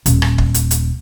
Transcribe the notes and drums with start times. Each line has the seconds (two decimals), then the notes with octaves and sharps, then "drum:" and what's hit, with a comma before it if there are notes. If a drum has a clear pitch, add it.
0.06 D#1, drum: hi-hat
0.22 drum: rim click
0.38 drum: kick
0.54 drum: hi-hat
0.71 drum: hi-hat